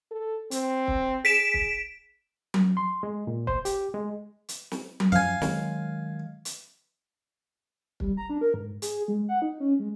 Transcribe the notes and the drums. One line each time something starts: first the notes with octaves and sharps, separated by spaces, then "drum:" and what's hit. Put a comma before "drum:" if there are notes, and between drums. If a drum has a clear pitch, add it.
A4
C4, drum: hi-hat
drum: kick
G#4 B6 D7 E7
drum: kick
drum: tom F#3
C6
G#3
A#2
C5, drum: kick
G4, drum: hi-hat
G#3
drum: hi-hat
drum: snare
drum: tom F#3
F#2 F3 F5 G#5
D#3 F#3 G#3, drum: snare
drum: hi-hat
G3, drum: kick
A#5
D4
A#4
G#2
G#4, drum: hi-hat
G#3
F#5
D#4
C#4
G#3